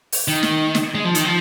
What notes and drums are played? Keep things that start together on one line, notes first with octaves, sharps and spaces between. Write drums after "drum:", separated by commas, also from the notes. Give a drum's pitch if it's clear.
drum: open hi-hat
D#3
drum: snare
drum: snare
G#3
F3
D#3, drum: hi-hat
F3